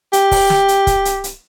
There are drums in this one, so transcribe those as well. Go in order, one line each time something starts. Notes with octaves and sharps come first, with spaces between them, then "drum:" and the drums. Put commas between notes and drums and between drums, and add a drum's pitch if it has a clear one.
G4, drum: hi-hat
drum: kick, open hi-hat
drum: snare
drum: hi-hat
drum: kick, hi-hat
drum: hi-hat
drum: hi-hat